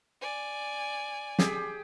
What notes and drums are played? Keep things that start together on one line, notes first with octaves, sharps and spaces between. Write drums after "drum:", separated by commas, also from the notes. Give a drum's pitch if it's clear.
D5 G#5
G4 G#4 G5, drum: snare